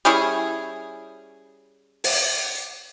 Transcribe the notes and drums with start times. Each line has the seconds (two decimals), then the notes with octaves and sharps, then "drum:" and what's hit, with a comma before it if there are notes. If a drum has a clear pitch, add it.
0.05 G3 C#4 E4 G#4
2.04 drum: open hi-hat